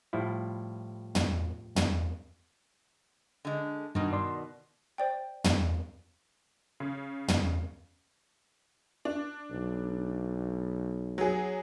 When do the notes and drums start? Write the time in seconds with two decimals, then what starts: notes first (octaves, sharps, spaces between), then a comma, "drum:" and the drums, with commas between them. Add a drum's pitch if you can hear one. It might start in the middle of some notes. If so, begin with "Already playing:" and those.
0.13 A2 F3 G3 E4
1.15 drum: tom
1.76 drum: tom
3.45 D3 G#3
3.95 G2 B2 D#3
4.13 D5 C6
4.98 C5 D5 G5
5.44 drum: tom
6.80 C#3
7.28 drum: tom
9.05 D4
9.51 B1
11.18 F#3 G#4